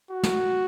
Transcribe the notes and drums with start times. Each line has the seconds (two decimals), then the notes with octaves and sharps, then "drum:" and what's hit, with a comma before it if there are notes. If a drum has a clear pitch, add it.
0.11 F#4
0.23 drum: snare